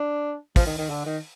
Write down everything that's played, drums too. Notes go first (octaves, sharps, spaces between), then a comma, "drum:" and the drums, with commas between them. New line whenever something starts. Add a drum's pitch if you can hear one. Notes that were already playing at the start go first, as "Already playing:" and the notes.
Already playing: D4
F3, drum: kick, open hi-hat
D#3
D#3
D3
D#3